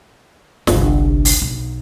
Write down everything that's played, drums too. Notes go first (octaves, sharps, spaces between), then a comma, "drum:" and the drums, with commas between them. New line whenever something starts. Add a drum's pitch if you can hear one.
G1 C2, drum: snare
drum: open hi-hat
B1